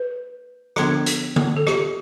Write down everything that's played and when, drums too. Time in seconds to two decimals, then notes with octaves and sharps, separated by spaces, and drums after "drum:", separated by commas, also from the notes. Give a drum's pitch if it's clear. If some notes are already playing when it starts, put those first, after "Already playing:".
Already playing: B4
0.76 D3 F3 B3 D4, drum: rim click
1.06 drum: hi-hat
1.36 drum: tom D3
1.57 A4
1.67 G4, drum: rim click